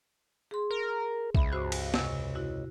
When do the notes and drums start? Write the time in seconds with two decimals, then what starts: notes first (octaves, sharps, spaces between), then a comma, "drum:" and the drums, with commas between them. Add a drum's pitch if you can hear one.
0.51 G#4 C6
0.71 A#4
1.35 C#2 E5 B5, drum: kick A#1
1.53 G2 F#4 C5
1.72 drum: cymbal
1.94 E2 C3 C#6, drum: snare
2.35 E4 F#4